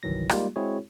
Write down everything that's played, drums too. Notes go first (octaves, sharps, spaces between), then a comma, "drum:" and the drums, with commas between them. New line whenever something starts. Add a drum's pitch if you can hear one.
G1 C2 D#3 E3 F#3 A#6
G3 G#3 A#3 D#4 F4 G4, drum: rim click
G#3 C4 E4 F#4 G#4 C#5